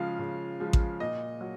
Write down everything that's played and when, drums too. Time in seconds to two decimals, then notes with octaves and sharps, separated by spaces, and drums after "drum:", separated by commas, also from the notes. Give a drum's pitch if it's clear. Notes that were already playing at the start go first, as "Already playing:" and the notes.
Already playing: C#3 F3 G#3 F5
0.19 C#3
0.60 F3 G#3
0.73 drum: kick A1
1.00 A#2 D#5
1.41 F#3